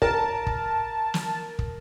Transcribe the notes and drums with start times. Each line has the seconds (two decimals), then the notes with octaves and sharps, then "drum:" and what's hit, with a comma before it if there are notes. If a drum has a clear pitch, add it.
0.02 A#4 A5, drum: kick
0.47 drum: kick
1.14 drum: snare
1.59 drum: kick